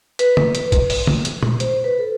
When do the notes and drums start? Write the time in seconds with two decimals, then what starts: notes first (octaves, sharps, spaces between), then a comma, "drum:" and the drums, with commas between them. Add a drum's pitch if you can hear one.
0.19 B4, drum: hi-hat
0.37 drum: tom
0.55 drum: hi-hat
0.72 drum: kick, hi-hat
0.90 drum: open hi-hat
1.07 drum: tom
1.25 drum: hi-hat
1.43 drum: tom A#2
1.60 C5, drum: hi-hat
1.84 B4
1.99 A4